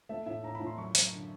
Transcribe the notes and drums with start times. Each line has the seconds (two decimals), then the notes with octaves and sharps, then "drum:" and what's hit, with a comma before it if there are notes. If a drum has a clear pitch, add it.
0.09 A3 E5
0.26 A2 E5
0.43 A2 A#5
0.55 B5
0.60 A2
0.67 C6
0.78 F#2 C#6
0.95 F#2, drum: hi-hat
1.12 D3